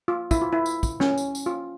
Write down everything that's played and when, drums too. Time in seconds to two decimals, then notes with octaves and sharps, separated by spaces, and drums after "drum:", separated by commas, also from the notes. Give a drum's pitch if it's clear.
0.08 F4
0.31 E4, drum: kick, tambourine
0.42 F4
0.53 E4
0.66 drum: tambourine
0.83 drum: kick, tambourine
1.00 C#4, drum: snare
1.18 drum: tambourine
1.35 drum: tambourine
1.46 F4